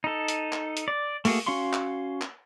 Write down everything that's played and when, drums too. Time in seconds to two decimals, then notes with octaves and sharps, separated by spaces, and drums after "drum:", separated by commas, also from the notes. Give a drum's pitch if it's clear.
0.04 D#4 A4
0.28 drum: hi-hat
0.53 drum: clap
0.77 drum: hi-hat
0.88 D5
1.25 A3 A#3 F#4 G#4, drum: open hi-hat
1.46 C#4 F#4 F5 C6 C#6
1.73 drum: clap
2.22 drum: clap